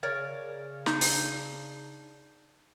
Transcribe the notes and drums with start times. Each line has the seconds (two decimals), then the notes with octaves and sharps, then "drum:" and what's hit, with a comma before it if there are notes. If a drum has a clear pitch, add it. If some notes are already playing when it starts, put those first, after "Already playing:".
0.03 C#3 A#4 C#5 D5
0.86 D4 D#4, drum: snare
1.01 drum: open hi-hat